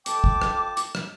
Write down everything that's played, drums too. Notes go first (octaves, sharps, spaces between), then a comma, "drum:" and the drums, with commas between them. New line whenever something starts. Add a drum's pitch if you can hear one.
F2 G5 A5 D6, drum: hi-hat
drum: kick
drum: rim click
drum: hi-hat
drum: rim click